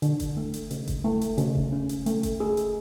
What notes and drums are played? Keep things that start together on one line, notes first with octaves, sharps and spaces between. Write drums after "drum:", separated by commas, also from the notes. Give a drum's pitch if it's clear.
D3, drum: hi-hat
drum: kick F#1, hi-hat
A3
drum: hi-hat
C#3, drum: hi-hat
drum: kick F#1, hi-hat
A3
drum: hi-hat
C#3, drum: hi-hat
drum: kick F#1
C#4
drum: hi-hat
A3, drum: hi-hat
drum: kick F#1, hi-hat
G#4
drum: hi-hat